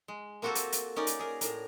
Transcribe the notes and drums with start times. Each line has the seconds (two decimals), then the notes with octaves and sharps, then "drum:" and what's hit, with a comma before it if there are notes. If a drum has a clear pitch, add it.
0.08 G#3
0.42 A#3 C4 F#4 G4 A4 A#4
0.55 drum: hi-hat
0.72 drum: hi-hat
0.96 C#4 D#4 A#4 D5
1.07 drum: hi-hat
1.19 G#4 A#4
1.41 A2 A#4, drum: hi-hat